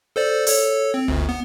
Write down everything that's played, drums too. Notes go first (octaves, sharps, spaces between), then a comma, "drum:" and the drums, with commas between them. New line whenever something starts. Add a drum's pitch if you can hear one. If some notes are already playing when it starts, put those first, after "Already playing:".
A4 C5 D5
A4 C#5, drum: open hi-hat
C4
G1 D2
B3